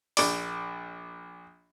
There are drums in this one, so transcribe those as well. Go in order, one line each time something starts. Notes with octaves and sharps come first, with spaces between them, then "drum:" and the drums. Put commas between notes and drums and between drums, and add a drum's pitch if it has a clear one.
A#1 D5, drum: open hi-hat